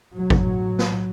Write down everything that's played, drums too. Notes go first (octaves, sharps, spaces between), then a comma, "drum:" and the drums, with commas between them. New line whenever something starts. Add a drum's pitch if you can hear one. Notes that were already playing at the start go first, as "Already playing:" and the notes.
B1 A2 F#3
drum: kick G#1
drum: snare